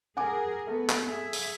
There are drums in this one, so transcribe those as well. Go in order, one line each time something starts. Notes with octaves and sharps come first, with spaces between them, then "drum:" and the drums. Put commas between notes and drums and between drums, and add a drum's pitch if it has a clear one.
G#4 A#4 F#5 G#5 D6
A3 B3
drum: clap
G#4 E5
drum: open hi-hat